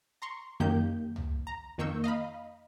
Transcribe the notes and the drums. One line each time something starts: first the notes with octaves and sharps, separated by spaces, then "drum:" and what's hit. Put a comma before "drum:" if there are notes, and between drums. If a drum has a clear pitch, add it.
A#5 C6 C#6
F#2 D#3 A#3 G4 G6
drum: tom
A#5
F2 D#3 A#3 C#6 E6 G6
D#5 F5 A#5 B5